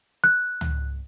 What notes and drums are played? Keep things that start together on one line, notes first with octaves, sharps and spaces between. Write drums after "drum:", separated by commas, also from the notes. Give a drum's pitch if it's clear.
F#6
drum: tom C#2